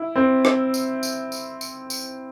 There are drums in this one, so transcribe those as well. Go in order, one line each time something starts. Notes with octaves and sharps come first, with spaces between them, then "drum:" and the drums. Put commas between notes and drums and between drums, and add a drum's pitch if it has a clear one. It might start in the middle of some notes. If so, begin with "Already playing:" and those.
Already playing: E4
C4
drum: rim click
drum: tambourine
drum: tambourine
drum: tambourine
drum: tambourine
drum: tambourine